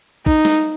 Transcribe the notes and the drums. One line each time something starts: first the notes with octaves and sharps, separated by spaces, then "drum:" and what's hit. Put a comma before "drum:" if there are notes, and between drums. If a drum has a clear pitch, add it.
D#4, drum: kick
drum: snare